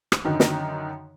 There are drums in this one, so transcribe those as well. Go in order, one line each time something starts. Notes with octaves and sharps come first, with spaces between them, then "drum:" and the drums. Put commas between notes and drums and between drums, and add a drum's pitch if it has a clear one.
drum: rim click
F#2 D3 D#3
drum: snare